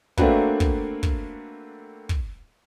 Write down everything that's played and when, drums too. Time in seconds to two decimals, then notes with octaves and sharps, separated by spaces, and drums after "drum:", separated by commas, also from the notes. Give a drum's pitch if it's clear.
0.17 A3 A#3 C4 D4 F#4 B4, drum: kick
0.60 drum: kick
1.03 drum: kick
2.09 drum: kick